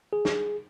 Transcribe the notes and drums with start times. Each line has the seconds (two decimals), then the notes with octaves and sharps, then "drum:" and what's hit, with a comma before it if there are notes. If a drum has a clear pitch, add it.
0.13 G#4
0.25 drum: snare